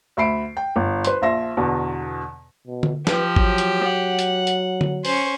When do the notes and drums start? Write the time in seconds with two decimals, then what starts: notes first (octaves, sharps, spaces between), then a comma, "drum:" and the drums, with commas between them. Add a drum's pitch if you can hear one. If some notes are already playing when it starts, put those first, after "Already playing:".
0.17 D2 E5 B5 C7 D7
0.57 G5
0.76 G1
1.05 B4 C5 C6, drum: hi-hat
1.22 A#1 F3 E5 C6 A#6
1.57 E2 B2 D3
2.67 B2
2.83 drum: tom D3
3.07 F3 G4 B4, drum: snare
3.36 F#3, drum: kick G#1
3.58 drum: hi-hat
3.82 F#5
4.19 drum: hi-hat
4.47 drum: hi-hat
4.81 drum: tom D3
5.05 C#4 C5 C#6, drum: open hi-hat